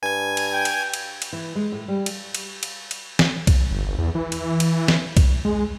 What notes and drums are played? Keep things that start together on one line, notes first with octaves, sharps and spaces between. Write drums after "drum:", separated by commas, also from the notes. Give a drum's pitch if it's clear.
G2 G#5 G#6
drum: cymbal
G5
drum: cymbal
drum: cymbal
drum: cymbal
E3
G#3
A2
G3
drum: cymbal
drum: cymbal
drum: cymbal
drum: cymbal
drum: snare
drum: kick B1, cymbal
G1
E2
E3
drum: cymbal
drum: cymbal
drum: snare
drum: kick B1, cymbal
G#3